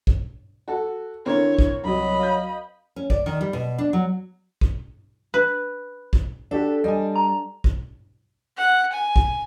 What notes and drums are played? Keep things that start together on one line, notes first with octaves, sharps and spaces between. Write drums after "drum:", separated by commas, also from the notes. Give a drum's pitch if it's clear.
drum: kick
F#4 A4
D3 C4 E4 A#4 C#5
drum: kick
C2 F#3 D#5 B5
F5 G6
C#4
D5, drum: kick
D#3
G3
B2
D4
F#3
drum: kick
B4
drum: kick
D4 F#4 G4 A4
G3 D4 D#5 G#5
A#5
drum: kick
F#5
G#5
drum: kick